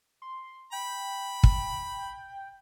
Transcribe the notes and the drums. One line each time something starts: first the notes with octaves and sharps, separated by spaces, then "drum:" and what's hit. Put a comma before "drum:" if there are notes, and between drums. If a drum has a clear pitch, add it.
C6
G5 B5
drum: kick